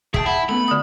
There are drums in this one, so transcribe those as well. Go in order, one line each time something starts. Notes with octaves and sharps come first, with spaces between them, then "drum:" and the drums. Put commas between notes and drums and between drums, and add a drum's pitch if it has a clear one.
G#4 E5 G5 A5, drum: kick
E4 F#5
A3 B3 C#4 B5
D3 D#6